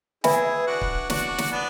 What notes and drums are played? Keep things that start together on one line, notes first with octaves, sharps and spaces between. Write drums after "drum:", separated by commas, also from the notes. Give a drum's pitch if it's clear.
E4 G#4 B4 E5 G#5 B5, drum: snare
D4 F#4
drum: kick C#1
D4 F#4, drum: snare
drum: snare
B3 D4